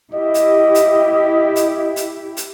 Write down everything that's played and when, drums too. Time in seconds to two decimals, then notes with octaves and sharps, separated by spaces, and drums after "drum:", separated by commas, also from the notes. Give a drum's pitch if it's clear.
0.14 E4 G4 D#5
0.34 drum: hi-hat
0.75 drum: hi-hat
1.56 drum: hi-hat
1.96 drum: hi-hat
2.37 drum: hi-hat